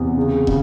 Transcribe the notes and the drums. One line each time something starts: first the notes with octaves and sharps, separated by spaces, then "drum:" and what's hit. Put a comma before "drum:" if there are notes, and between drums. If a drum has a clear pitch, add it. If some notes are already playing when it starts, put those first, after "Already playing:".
Already playing: E2 C3
C#3
C#3, drum: kick